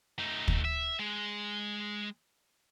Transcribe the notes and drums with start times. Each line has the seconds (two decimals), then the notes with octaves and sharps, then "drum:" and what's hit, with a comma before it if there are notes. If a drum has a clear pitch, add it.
0.19 A3 D#4
0.48 drum: kick
0.65 E5
0.99 G#3